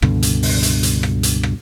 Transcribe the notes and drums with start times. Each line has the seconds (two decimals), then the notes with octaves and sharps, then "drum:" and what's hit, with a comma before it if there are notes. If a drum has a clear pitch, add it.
0.02 C#2 G2 B2 D3, drum: rim click
0.23 drum: hi-hat
0.43 drum: open hi-hat
0.63 drum: hi-hat
0.83 drum: hi-hat
1.03 drum: rim click
1.23 drum: hi-hat
1.43 drum: rim click